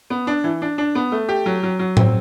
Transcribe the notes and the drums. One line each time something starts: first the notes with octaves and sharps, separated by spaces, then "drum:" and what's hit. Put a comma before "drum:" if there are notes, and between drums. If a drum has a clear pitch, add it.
B3
D4
E3
D4
D4
B3
A3
G4
F#3
F#3
F#3
C4, drum: tom A2